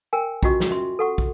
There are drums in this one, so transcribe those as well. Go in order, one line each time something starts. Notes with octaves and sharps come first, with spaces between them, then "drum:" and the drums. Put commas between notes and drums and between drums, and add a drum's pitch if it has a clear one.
A#4 G5 G#5
C#4 F4 F#4 D#5 C#6, drum: kick
drum: snare
E5 C6
A4 F#5 C#6
drum: kick